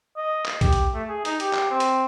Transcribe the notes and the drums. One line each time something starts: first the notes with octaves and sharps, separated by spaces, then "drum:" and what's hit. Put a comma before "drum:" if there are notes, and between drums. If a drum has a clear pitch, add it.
D#5
drum: clap
G4, drum: kick, hi-hat
drum: hi-hat
A3
G#4
D#4, drum: hi-hat
G4, drum: hi-hat
drum: clap
C4
drum: hi-hat